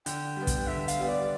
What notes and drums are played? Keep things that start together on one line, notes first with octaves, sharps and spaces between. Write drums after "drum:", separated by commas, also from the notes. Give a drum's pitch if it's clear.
D3 G5, drum: hi-hat
G3 B3
drum: kick, hi-hat
D3 E5
F5, drum: hi-hat
G3 B3
D5